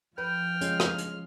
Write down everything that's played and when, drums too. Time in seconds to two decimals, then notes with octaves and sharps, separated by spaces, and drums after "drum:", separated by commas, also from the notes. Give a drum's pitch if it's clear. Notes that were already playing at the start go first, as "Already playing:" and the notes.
0.18 F3 B4 G5 F6
0.61 G#3 C#4 F4, drum: hi-hat
0.80 drum: rim click
0.98 drum: hi-hat